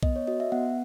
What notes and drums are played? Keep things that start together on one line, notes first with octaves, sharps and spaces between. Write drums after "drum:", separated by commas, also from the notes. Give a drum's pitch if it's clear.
B3 D#5, drum: kick B1
C#5
F#4 D#5
E5
B3 F#5